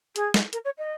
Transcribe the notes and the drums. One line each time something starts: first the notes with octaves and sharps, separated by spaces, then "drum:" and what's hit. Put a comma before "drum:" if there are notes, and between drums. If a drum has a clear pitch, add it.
G#4, drum: hi-hat
drum: snare
A#4, drum: hi-hat
C#5
D#5